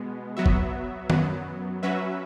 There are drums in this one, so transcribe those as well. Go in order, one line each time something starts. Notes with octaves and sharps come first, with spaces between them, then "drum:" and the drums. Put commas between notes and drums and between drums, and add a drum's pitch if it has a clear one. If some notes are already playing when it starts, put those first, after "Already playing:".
Already playing: B2 G#3 B3
F#3 B3 F#4 E5
drum: kick F#1
F#2 F#3 B3, drum: tom D#3
F#3 C#4 F#4 B4 E5